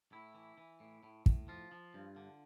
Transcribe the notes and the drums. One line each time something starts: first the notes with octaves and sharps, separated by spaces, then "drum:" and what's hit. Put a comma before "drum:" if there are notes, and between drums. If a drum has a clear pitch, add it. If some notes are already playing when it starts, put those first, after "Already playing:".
A2 E4
E3
E3
A2
A2
A2, drum: kick
F3 F4
F3
G2
D3